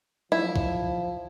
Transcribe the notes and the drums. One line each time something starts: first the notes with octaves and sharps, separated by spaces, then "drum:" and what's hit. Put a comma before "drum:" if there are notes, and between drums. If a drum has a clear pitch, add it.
F3 E4, drum: tom F#3
drum: kick